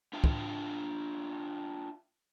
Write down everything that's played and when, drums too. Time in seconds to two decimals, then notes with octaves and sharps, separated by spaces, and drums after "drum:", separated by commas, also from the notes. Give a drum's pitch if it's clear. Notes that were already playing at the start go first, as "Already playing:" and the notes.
0.13 D4 F4 E5 F5 G5
0.24 drum: kick